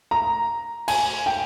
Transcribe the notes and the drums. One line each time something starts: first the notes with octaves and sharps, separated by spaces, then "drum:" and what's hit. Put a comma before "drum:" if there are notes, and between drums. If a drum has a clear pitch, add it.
A#5
G#5, drum: cymbal
G5